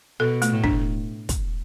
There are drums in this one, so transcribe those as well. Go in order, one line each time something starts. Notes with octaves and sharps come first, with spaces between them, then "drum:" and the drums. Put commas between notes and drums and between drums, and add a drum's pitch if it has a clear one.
B2 A4
A3, drum: hi-hat
A2
D4, drum: kick
drum: kick, hi-hat